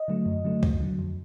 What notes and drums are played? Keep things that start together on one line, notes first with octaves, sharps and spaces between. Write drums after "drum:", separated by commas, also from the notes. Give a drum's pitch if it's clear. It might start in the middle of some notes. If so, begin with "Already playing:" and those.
Already playing: D#5
D3 F#3 A3
F#2
D3 F#3 A3
F2, drum: kick
D3 F#3
F2